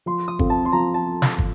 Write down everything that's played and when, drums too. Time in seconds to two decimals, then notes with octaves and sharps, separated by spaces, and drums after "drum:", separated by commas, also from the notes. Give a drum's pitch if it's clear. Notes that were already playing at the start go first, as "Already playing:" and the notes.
0.06 F3 C6
0.28 D#6
0.39 C4 F4 A4, drum: kick
0.50 A5
0.65 C6
0.72 F3 A#5
0.94 A5
1.22 drum: snare
1.38 drum: kick